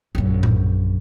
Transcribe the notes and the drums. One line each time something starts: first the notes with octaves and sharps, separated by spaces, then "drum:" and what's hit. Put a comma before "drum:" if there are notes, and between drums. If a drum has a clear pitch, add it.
A#1 F#2
drum: tom A2